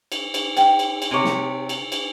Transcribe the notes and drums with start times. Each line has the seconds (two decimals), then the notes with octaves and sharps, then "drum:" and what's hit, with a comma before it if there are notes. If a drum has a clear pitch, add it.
0.12 drum: cymbal
0.34 drum: cymbal
0.57 G5, drum: cymbal
0.79 drum: cymbal
1.02 drum: cymbal
1.11 C3 C#5
1.24 drum: snare
1.69 drum: cymbal
1.92 drum: cymbal